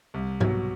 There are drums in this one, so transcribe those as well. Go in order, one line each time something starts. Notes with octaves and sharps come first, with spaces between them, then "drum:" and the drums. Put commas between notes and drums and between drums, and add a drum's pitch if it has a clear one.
C2
B2 F#3, drum: tom G#2